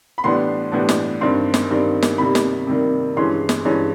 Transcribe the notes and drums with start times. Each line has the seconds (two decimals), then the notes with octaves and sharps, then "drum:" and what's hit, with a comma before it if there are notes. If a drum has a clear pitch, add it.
0.18 B5
0.24 A2 E3 G3 B3 D4 C6
0.72 A2 E3 G3 B3 D4
0.89 drum: snare
1.21 G2 D#3 G3 C4 C6
1.54 drum: snare
1.70 G2 D#3 G3 C4
2.02 drum: snare
2.18 C3 D#3 G3 A#3 B5
2.35 drum: snare
2.67 C3 D#3 G3 A#3
3.17 G2 E3 G#3 C#4 C6
3.49 drum: snare
3.65 G2 E3 G#3 C#4